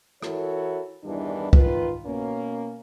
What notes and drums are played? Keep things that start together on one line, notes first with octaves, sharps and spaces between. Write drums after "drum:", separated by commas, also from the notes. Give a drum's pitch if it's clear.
E3 E4 F#4 A4 A#4 C#5, drum: rim click
E2 G2 D#3 E3 G3 D4
D#3 F4 B4, drum: kick C2
B2 A#3 C#4